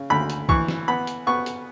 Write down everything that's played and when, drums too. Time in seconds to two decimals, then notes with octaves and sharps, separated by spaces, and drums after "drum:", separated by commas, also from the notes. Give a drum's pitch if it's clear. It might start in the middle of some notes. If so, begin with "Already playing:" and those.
Already playing: C#3
0.10 D2 B5
0.30 drum: hi-hat
0.49 E3 C#6, drum: kick
0.68 drum: snare
0.88 B3 B5
1.07 drum: hi-hat
1.27 B3 C#6
1.46 drum: hi-hat